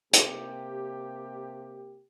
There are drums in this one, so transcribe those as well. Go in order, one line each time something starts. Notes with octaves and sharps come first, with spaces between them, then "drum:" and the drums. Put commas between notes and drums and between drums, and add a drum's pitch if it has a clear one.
C3 A#3 G4, drum: hi-hat